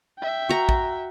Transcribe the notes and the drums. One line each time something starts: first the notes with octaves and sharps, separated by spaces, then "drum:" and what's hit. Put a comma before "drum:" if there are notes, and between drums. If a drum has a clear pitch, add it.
E5 G5
F#4 A#5
drum: kick